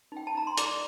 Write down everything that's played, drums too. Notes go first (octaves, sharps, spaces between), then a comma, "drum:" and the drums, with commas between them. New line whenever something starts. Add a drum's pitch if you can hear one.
D#4 G5
A5
D#4 A#5
C6
A4 D5 D6, drum: hi-hat